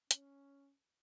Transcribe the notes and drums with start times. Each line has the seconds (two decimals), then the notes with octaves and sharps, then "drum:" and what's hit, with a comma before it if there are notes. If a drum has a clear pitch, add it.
0.11 C#4, drum: hi-hat